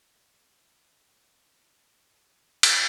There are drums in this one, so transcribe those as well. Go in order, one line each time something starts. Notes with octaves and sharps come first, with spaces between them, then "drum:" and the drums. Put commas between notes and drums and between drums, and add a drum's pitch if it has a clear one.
B3 F#4 B4 G5
drum: cymbal